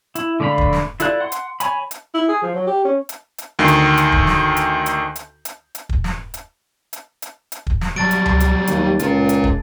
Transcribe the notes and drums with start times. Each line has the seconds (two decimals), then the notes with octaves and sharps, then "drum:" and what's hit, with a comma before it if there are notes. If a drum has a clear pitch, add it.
0.15 E4, drum: hi-hat
0.40 D3 A3 D5 F5 B5
0.58 drum: kick
0.73 drum: snare
1.00 E4 F4 A4 D5 F#6, drum: hi-hat
1.21 F#5 C6
1.32 drum: hi-hat
1.60 C#5 G#5 B5, drum: hi-hat
1.91 drum: hi-hat
2.14 E4
2.28 G#4
2.42 F3
2.54 F#3
2.67 G4
2.84 C#4
3.09 drum: hi-hat
3.38 drum: hi-hat
3.59 D2 D#3 G6 C7
3.68 drum: hi-hat
3.97 drum: hi-hat
4.12 drum: kick
4.27 drum: snare
4.57 drum: hi-hat
4.86 drum: hi-hat
5.16 drum: hi-hat
5.45 drum: hi-hat
5.75 drum: hi-hat
5.89 drum: kick
6.04 drum: snare
6.34 drum: hi-hat
6.93 drum: hi-hat
7.22 drum: hi-hat
7.52 drum: hi-hat
7.67 drum: kick
7.81 drum: snare
7.96 F#3 G3 A5 A6 D7
8.11 drum: hi-hat
8.26 drum: tom C#2
8.40 drum: hi-hat
8.67 D#2, drum: hi-hat
8.99 C#2 F4 A#4, drum: hi-hat
9.29 drum: hi-hat
9.44 drum: kick